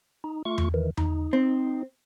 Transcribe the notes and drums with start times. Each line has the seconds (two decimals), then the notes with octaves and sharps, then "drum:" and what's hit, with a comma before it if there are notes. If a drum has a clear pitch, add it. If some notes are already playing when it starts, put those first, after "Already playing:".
0.24 D#4
0.45 A3 F4 C#6
0.58 drum: tom E2
0.74 D#3 E3
0.97 D#4, drum: tom E2
1.33 C4